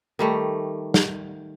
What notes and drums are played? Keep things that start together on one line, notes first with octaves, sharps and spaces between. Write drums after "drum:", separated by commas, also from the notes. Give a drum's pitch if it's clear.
D#3 G3 A3
drum: snare